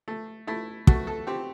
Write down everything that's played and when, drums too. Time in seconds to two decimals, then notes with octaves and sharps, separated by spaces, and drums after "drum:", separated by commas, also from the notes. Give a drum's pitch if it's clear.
0.08 A3
0.47 A3 E4
0.87 A3 F#4, drum: kick
1.07 A4
1.27 C4 G4